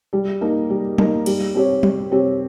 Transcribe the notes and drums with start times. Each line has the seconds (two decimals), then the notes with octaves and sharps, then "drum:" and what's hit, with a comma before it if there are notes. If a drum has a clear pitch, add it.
0.13 G3
0.41 A#3 D#4 A#4
0.70 G3
0.98 A#3 D#4 A#4, drum: tom F#3
1.26 G3, drum: cymbal
1.55 C4 G4 C#5
1.83 G3, drum: tom F#3
2.11 C4 G4 C#5